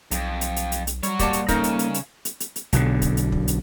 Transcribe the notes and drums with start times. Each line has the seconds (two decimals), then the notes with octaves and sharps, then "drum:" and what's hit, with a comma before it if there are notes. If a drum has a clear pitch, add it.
0.11 B1 F2, drum: hi-hat
0.41 drum: hi-hat
0.56 drum: hi-hat
0.72 drum: hi-hat
0.87 drum: hi-hat
1.03 G3 F#4 C#5, drum: hi-hat
1.19 A#2 G4 D5 F5 A5, drum: kick, hi-hat
1.33 drum: hi-hat
1.48 C#3 A#3 C#4 D#4 A4 A#4 D#5, drum: kick, hi-hat
1.64 drum: hi-hat
1.79 drum: hi-hat
1.94 drum: hi-hat
2.25 drum: hi-hat
2.40 drum: hi-hat
2.56 drum: hi-hat
2.73 B1 B2 D3, drum: hi-hat
3.02 drum: kick, hi-hat
3.17 drum: hi-hat
3.32 drum: kick
3.48 drum: hi-hat